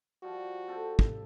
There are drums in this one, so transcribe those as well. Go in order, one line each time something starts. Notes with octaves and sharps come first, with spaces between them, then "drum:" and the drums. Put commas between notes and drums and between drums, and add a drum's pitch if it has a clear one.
F3 G3 F#4
C4 G4 A4
drum: kick